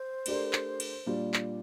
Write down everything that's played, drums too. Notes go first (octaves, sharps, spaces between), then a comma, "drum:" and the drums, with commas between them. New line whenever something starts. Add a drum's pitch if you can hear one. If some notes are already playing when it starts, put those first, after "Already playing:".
Already playing: C5
A3 D4 G4 A#4 D5, drum: cymbal
drum: clap
drum: cymbal
A#2 G3 D4 F4
drum: clap